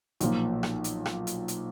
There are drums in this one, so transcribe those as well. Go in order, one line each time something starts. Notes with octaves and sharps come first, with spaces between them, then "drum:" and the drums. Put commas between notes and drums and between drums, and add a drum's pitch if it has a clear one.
B1 A#2 F3 A#3, drum: hi-hat
drum: rim click
drum: hi-hat
drum: rim click
drum: hi-hat
drum: hi-hat